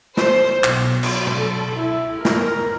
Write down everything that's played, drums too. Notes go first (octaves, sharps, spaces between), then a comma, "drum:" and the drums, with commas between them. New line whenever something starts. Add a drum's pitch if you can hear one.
C5, drum: snare
B1, drum: clap
F#3, drum: cymbal
drum: tom
A4
E4
A#4, drum: snare